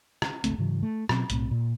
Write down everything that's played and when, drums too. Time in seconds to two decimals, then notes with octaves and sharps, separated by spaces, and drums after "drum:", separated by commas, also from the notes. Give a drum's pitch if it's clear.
0.22 drum: rim click
0.44 G#1 C#2 A3 C4, drum: hi-hat
0.58 G#2 C#3 E3 F#3
0.83 A3
1.09 B2 F#3 C4, drum: rim click
1.30 B1 A2 C4, drum: hi-hat
1.51 A#2